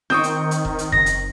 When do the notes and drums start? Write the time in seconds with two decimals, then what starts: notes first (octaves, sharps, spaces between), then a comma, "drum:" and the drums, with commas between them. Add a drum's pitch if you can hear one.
0.10 D#3 C4 C#6 D#6 G6, drum: snare
0.24 drum: hi-hat
0.51 drum: hi-hat
0.65 drum: kick E1
0.79 drum: hi-hat
0.92 F#1 A#6, drum: kick E1
1.06 drum: hi-hat